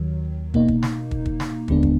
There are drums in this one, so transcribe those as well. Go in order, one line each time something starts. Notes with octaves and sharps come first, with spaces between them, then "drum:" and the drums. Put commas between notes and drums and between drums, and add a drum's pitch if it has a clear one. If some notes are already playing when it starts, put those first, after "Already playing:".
Already playing: D#2 D#3 F#3
B2 A#3 D#4, drum: kick
drum: kick
drum: snare
drum: kick
drum: kick
drum: snare
D#2 D3 G#3 B3 D4, drum: kick
drum: kick